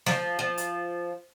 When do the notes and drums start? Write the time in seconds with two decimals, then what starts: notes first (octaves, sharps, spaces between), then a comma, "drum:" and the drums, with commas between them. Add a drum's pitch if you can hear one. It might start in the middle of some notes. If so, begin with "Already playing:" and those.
0.06 F3, drum: snare
0.39 F3
0.58 drum: hi-hat